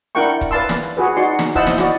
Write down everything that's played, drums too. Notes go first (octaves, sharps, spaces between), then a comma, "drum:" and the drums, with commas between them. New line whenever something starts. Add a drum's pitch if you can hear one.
D4 E4 A#4 F#5 G5 C#6
drum: kick C#1, hi-hat
B4 D5 F5 A5 C6 E6
drum: snare
drum: hi-hat
F#4 G#4 B4
D#4 F#4 D5 C6
drum: snare
E4 C5 D#5 F#5 A5 E6, drum: kick C#1, hi-hat
drum: snare
E4 F#4 D5 D#5, drum: snare